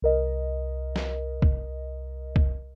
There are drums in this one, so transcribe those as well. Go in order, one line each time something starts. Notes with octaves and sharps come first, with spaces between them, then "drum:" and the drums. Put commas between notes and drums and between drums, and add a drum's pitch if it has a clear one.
C2 A#4 D#5
drum: snare
drum: kick C2
drum: kick C2